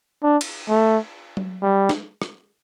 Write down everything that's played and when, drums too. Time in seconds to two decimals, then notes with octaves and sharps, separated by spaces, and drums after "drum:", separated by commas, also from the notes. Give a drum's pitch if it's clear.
0.23 D4
0.41 drum: cymbal
0.70 A3
1.37 drum: tom F#3
1.62 G3
1.89 drum: snare
2.22 drum: rim click